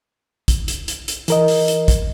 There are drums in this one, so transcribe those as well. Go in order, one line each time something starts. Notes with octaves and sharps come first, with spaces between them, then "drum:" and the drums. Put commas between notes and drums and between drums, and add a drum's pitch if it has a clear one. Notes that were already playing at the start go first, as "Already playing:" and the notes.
drum: kick, hi-hat
drum: hi-hat
drum: hi-hat
drum: hi-hat
E3 A#4 D#5, drum: hi-hat
drum: open hi-hat
drum: hi-hat
drum: kick, hi-hat